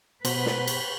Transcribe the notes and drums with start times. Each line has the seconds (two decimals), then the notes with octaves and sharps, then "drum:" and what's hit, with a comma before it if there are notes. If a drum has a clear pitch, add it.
0.25 B2 B4 C5 F#5, drum: cymbal
0.46 drum: snare
0.67 drum: cymbal